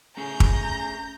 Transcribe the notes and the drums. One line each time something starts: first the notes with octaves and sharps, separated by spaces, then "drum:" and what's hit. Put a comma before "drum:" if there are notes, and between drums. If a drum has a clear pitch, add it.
A3 C#4 G#4 G#5 A#5 G6
drum: kick